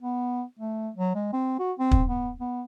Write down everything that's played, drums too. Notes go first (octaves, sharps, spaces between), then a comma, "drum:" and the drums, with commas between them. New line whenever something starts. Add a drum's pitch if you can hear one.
B3
A3
F#3
G#3
C4
F#4
C4
drum: kick
B3
B3